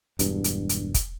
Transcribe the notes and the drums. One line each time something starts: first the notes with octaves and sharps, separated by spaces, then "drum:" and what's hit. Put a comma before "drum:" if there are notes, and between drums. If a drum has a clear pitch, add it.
E1 G2, drum: hi-hat
drum: hi-hat
drum: hi-hat
drum: kick, hi-hat